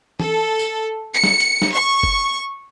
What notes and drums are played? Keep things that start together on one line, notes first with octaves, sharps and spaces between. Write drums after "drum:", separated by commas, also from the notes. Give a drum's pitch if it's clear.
A4, drum: tom E3
drum: tambourine
C#7
drum: snare
drum: hi-hat
drum: snare
C#6
drum: kick F#1